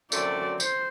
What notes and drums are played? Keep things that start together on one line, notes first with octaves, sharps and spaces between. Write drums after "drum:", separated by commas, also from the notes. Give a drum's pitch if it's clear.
F#2 D3 F#3 A3 C4 D5, drum: tambourine
C5, drum: tambourine